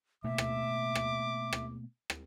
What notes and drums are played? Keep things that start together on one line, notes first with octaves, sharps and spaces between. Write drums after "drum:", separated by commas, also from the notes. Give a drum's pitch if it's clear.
B2 A3 A#3 E5 D6
drum: rim click
drum: rim click
drum: rim click
drum: rim click